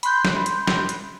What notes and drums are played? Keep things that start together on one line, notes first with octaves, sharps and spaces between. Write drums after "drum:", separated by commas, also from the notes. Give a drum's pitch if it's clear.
B5 C6 F#6 G6, drum: hi-hat
drum: snare
drum: hi-hat
drum: snare
drum: hi-hat